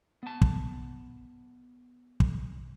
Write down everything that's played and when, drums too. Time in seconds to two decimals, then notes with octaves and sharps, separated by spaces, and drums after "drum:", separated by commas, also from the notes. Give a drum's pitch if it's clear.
0.23 B3 A5
0.41 drum: kick
2.20 drum: kick